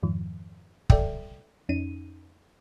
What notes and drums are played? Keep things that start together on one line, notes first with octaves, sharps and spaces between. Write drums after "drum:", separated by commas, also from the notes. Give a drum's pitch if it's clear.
F2 G#2 D#3 F3
A4 D5 E5 G5, drum: kick
F2 C#4 D#4 D#7